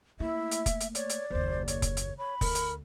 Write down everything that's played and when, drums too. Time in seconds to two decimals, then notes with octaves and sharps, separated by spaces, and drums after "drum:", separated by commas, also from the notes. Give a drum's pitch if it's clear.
0.20 A3 A#3 E4 E5
0.51 drum: hi-hat
0.66 drum: kick F1, hi-hat
0.80 drum: hi-hat
0.95 C#5 D5, drum: hi-hat
1.09 drum: hi-hat
1.30 F#1 D#2 C5
1.68 C#5, drum: hi-hat
1.82 drum: kick F1, hi-hat
1.97 drum: hi-hat
2.18 C#5 B5
2.41 D2 A#4, drum: kick F1, open hi-hat
2.55 drum: hi-hat